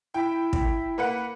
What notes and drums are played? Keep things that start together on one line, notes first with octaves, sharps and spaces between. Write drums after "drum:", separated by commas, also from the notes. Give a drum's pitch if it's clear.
E4 G5
drum: kick
A#3 B4 F#5